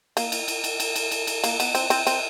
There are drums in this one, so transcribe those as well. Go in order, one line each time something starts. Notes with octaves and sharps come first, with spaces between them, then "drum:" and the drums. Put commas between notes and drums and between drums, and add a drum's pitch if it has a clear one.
A#3, drum: cymbal
drum: cymbal
drum: cymbal
drum: cymbal
drum: cymbal
drum: cymbal
drum: cymbal
drum: cymbal
A#3, drum: cymbal
B3, drum: cymbal
C4, drum: cymbal
C4, drum: cymbal
C4, drum: cymbal